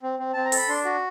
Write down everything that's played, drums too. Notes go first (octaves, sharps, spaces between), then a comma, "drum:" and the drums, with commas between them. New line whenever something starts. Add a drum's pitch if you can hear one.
C4
C4
C4 A5
A#5
A4 B5, drum: open hi-hat
D4 C6
F#4